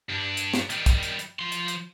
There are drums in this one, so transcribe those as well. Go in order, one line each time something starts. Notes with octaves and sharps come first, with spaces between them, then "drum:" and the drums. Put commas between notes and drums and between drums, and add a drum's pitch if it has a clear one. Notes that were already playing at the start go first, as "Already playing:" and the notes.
G2 D4
drum: hi-hat
drum: snare
D#3 G3, drum: hi-hat
drum: kick, hi-hat
drum: hi-hat
drum: hi-hat
F3 C6
drum: hi-hat
drum: hi-hat